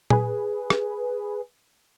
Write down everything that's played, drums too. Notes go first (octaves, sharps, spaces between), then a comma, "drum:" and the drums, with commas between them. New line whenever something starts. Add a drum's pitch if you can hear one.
G#4 B4, drum: tom A#2
drum: rim click